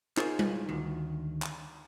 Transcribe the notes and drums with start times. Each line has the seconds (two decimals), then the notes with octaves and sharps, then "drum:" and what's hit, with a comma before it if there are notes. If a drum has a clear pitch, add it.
0.17 D#4 F4 G#4 A#4 C5 C#5, drum: clap
0.39 drum: tom G3
0.69 D2 D#3
1.42 drum: clap